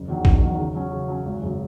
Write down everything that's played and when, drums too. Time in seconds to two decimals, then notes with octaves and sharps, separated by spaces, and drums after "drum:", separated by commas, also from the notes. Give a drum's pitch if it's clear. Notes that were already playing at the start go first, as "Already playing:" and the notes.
Already playing: F#1
0.08 E2 D#3 F#3
0.25 F#1, drum: kick
0.42 E2 D#3 F#3
0.58 C#3
0.75 F#3 C#4
0.92 C#3
1.08 F#3 C#4
1.25 G#1
1.42 F#2 C#3